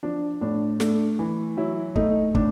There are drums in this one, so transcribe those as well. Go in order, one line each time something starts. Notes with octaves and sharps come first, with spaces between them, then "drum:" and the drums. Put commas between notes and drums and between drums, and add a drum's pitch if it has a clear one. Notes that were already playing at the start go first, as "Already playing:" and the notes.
F3 D4
A2 D4
A3 D4, drum: snare
E3
F#3 E4
A3 D#4, drum: kick
A2 D4, drum: kick